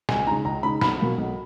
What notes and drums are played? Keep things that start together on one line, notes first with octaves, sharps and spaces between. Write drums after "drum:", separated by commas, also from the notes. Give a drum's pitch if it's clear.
C#2 G#5, drum: snare
C#3 G#3 D#4 A#5
C#2 A#5
C#3 G#3 D#4 B5
B1 B5, drum: snare
B2 F#3 A#3
B1